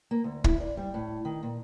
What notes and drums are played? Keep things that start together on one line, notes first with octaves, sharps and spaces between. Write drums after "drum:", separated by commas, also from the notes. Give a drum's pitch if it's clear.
A#3
D2
E4, drum: kick
D5
G3
A2
D#3
A#2